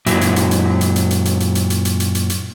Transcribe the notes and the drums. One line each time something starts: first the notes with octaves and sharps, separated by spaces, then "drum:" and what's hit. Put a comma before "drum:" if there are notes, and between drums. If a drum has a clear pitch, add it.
F#2 A#2 F#3 E4, drum: hi-hat
drum: hi-hat
drum: hi-hat
drum: hi-hat
drum: hi-hat
drum: hi-hat
drum: hi-hat
drum: hi-hat
drum: hi-hat
drum: hi-hat
drum: hi-hat
drum: hi-hat
drum: hi-hat
drum: hi-hat
drum: hi-hat